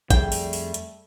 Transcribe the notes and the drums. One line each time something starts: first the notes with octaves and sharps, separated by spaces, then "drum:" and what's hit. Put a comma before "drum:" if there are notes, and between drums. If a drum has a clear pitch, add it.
F2 G3 A3 G#4 D5 G5, drum: kick, hi-hat
drum: open hi-hat
drum: open hi-hat
drum: hi-hat